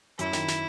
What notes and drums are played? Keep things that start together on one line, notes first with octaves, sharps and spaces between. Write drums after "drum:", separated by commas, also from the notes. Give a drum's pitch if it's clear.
F#2 E4, drum: hi-hat
D#3, drum: snare
drum: snare